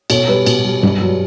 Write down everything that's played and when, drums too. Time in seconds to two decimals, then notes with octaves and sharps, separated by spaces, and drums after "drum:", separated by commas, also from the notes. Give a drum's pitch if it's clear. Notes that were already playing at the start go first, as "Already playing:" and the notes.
0.10 B2 A4 C#5, drum: cymbal
0.28 G3 B4
0.46 B2, drum: cymbal
0.64 G3
0.83 G2, drum: tom F#2
1.01 F#3